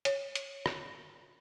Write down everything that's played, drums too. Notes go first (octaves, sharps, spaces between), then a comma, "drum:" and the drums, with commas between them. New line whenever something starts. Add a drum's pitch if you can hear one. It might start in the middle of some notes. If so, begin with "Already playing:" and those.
C#5, drum: hi-hat
drum: hi-hat
drum: rim click